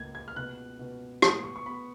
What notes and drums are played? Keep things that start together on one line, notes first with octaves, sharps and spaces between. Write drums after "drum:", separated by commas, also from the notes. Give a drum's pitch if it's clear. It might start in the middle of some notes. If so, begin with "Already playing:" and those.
Already playing: C#2 A#3 G#6
G#6
F6
B2 F#6
B2
B3 D#6, drum: rim click
C#6
C#6
B3 B5